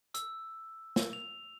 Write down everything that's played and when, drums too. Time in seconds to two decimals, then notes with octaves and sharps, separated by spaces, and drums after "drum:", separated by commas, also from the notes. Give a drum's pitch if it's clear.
0.14 E6, drum: hi-hat
0.96 drum: snare
1.13 F7